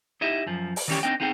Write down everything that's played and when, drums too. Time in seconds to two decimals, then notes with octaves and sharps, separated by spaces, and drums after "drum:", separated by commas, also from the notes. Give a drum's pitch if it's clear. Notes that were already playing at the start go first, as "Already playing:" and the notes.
0.21 D#4 E4 G4 D#5 E5
0.47 F#2 F3
0.76 drum: open hi-hat
0.88 D#3 E3 G3 C#4 G4 C#5
1.03 C4 D4 D#4 G5
1.20 B3 C4 D#4 G#4 D5 G5